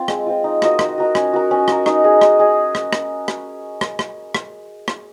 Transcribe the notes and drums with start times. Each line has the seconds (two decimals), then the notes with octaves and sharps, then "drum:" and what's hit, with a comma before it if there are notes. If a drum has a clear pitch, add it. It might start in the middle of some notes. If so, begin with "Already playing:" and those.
Already playing: C4 F4
0.08 G#3, drum: rim click
0.26 C4 F4
0.44 D#4
0.62 F#4 A#4 D#5, drum: rim click
0.79 D#4, drum: rim click
0.98 F#4 A#4 D#5
1.15 C#4, drum: rim click
1.33 F#4 A#4
1.51 C#4
1.68 F#4 A#4, drum: rim click
1.86 D#4, drum: rim click
2.04 G#4 D#5
2.21 D#4, drum: rim click
2.39 G#4 D#5
2.75 drum: rim click
2.93 drum: rim click
3.28 drum: rim click
3.81 drum: rim click
3.99 drum: rim click
4.35 drum: rim click
4.88 drum: rim click